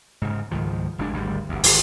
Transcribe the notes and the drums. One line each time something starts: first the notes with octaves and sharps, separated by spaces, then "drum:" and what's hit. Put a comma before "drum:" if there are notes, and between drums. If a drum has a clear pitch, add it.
G#2 C#3
C#2 G#2 D#3 F3
F#1 G2 G#3 D4
G#1 D2 D3 G3
G1 D2
G#1, drum: open hi-hat